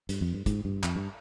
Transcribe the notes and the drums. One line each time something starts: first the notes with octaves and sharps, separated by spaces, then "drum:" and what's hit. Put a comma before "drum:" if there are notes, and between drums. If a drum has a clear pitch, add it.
G2, drum: hi-hat
F2
G2
G#2, drum: kick, hi-hat
G2
F2, drum: clap
G2